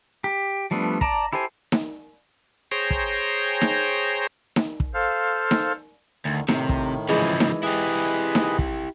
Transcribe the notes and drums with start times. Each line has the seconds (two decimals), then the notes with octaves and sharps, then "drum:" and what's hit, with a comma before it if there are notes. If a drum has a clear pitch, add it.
0.24 G4
0.71 F3 G3 A3 B3 D4
1.01 D5 A5 A#5, drum: kick
1.33 E4 G4 A4 C5 G#5
1.72 drum: snare D#4
2.72 G#4 C5 C#5 G5 A#5
2.90 drum: kick
3.61 drum: snare D#4
4.56 drum: snare D#4
4.80 drum: kick
4.94 A4 C5 F5
5.51 drum: snare D#4
6.25 D2 D3 D#3
6.48 A2 C3 D#3, drum: snare D#4
6.69 drum: kick
7.09 C#3 E3 F3 G#3
7.40 drum: snare D#4
7.63 E4 G4 G#4 B4 D#5
8.35 drum: snare D#4
8.59 drum: kick